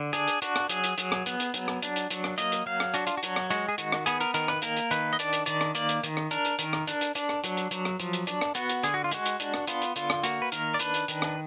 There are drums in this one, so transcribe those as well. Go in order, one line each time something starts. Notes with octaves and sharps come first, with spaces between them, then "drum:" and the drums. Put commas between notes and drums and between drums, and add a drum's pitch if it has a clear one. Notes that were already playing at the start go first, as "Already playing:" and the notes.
Already playing: D3
D4 G#4, drum: hi-hat
drum: hi-hat
D4 F#4, drum: hi-hat
drum: rim click
F#3 G#4, drum: hi-hat
drum: hi-hat
F#3, drum: hi-hat
drum: rim click
B3, drum: hi-hat
drum: hi-hat
F#3, drum: hi-hat
drum: rim click
D4, drum: hi-hat
drum: hi-hat
F#3, drum: hi-hat
drum: rim click
A#3 D#5, drum: hi-hat
drum: hi-hat
F#3 F5
drum: rim click
D4 F#4, drum: hi-hat
F4, drum: hi-hat
F#4
F#3, drum: hi-hat
drum: rim click
G#3 F#4, drum: hi-hat
G#4
D#3 F#4, drum: hi-hat
drum: rim click
B3 G#4, drum: hi-hat
A#4, drum: hi-hat
D#3 A#4, drum: hi-hat
B4, drum: rim click
A#3 A#4, drum: hi-hat
drum: hi-hat
D#3 B4, drum: hi-hat
D#5
D4 D5, drum: hi-hat
drum: hi-hat
D#3 D5, drum: hi-hat
drum: rim click
A#3 D5, drum: hi-hat
drum: hi-hat
D#3, drum: hi-hat
drum: rim click
D4 A#4, drum: hi-hat
drum: hi-hat
D#3, drum: hi-hat
drum: rim click
D4, drum: hi-hat
drum: hi-hat
D4, drum: hi-hat
drum: rim click
F#3, drum: hi-hat
drum: hi-hat
F#3, drum: hi-hat
drum: rim click
F3, drum: hi-hat
drum: hi-hat
D4, drum: hi-hat
drum: rim click
B3 F#4, drum: hi-hat
drum: hi-hat
D3 G#4, drum: hi-hat
F#4
F4
G#3 F#4, drum: hi-hat
drum: hi-hat
D4, drum: hi-hat
drum: rim click
B3 F4, drum: hi-hat
drum: hi-hat
D3 F4, drum: hi-hat
drum: rim click
A#3 F#4, drum: hi-hat
B4
D#3 A#4, drum: hi-hat
D5
D4 B4, drum: hi-hat
drum: hi-hat
D#3, drum: hi-hat
drum: rim click